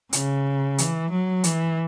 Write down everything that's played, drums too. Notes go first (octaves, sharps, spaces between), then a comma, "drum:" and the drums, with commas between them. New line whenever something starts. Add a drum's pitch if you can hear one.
C#3, drum: hi-hat
E3, drum: hi-hat
F#3
E3, drum: hi-hat